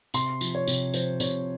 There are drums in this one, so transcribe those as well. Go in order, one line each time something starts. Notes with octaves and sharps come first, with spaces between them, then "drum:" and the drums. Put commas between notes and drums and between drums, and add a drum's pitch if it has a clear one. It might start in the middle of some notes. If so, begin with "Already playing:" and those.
C3 C6, drum: tambourine
F3, drum: tambourine
C#5
C3, drum: tambourine
F3 C5, drum: tambourine
C3 C#5, drum: tambourine